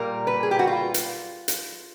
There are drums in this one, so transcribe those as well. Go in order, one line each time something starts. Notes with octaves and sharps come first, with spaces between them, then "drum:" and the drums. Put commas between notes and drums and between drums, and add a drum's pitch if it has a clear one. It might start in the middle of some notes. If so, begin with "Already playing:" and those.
Already playing: A#2 G3 A#4
B4
G#4
G4
F#4
F4
drum: hi-hat
drum: hi-hat